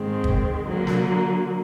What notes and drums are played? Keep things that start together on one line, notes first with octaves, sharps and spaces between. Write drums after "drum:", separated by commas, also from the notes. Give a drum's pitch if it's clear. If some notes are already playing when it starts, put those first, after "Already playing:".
Already playing: G#2 D#3 G#3 C4
drum: kick
D3 F#3 A#3
drum: snare